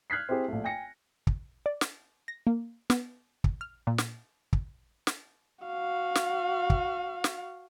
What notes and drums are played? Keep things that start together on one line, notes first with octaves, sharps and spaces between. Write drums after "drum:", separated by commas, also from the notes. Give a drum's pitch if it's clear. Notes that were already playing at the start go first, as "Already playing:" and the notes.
F6 F#6 G#6 B6 C7
C4 E4 G4 G#4 C5
A#1 A3
G5 G#5 A#6 C#7
drum: kick
D5
drum: snare
A#6
A#3
B3, drum: snare
drum: kick
F6
A#2
drum: snare
drum: kick
drum: snare
F#4 F5
drum: snare
drum: kick
drum: snare